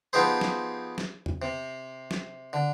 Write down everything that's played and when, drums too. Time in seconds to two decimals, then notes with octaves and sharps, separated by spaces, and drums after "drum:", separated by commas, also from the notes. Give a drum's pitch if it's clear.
0.13 F3 B3 D#4 G4 G#4 C5
0.41 drum: snare
0.98 drum: snare
1.26 drum: tom E2
1.42 C3
2.11 drum: snare
2.53 D3